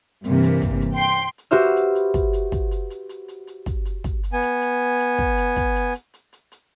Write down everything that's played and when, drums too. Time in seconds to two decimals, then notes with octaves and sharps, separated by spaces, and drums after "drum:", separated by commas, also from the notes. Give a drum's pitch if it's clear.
0.24 G2 C3 E3 A#3, drum: hi-hat
0.43 drum: hi-hat
0.62 drum: kick, hi-hat
0.81 drum: hi-hat
0.94 G5 C6
1.38 drum: hi-hat
1.51 F#4 G4 B4 C5 E5 F6
1.76 drum: hi-hat
1.95 drum: hi-hat
2.14 drum: kick, hi-hat
2.33 drum: hi-hat
2.52 drum: kick, hi-hat
2.71 drum: hi-hat
2.90 drum: hi-hat
3.09 drum: hi-hat
3.28 drum: hi-hat
3.47 drum: hi-hat
3.66 drum: kick, hi-hat
3.85 drum: hi-hat
4.04 drum: kick, hi-hat
4.23 drum: hi-hat
4.33 B3 G#5
4.42 drum: hi-hat
4.61 drum: hi-hat
4.99 drum: hi-hat
5.18 drum: kick
5.37 drum: hi-hat
5.56 drum: kick, hi-hat
5.75 drum: hi-hat
5.95 drum: hi-hat
6.14 drum: hi-hat
6.33 drum: hi-hat
6.52 drum: hi-hat